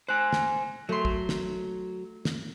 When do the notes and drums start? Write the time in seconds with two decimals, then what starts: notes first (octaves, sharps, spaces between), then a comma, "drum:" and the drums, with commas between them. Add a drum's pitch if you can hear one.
0.08 C5 G#5 F#6
0.33 drum: snare
0.89 F#3 A3 C6
1.05 drum: kick
1.29 drum: snare
2.25 drum: snare